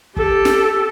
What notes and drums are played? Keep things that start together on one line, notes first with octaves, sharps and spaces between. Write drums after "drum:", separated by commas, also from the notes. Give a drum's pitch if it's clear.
G4 A4, drum: kick
drum: snare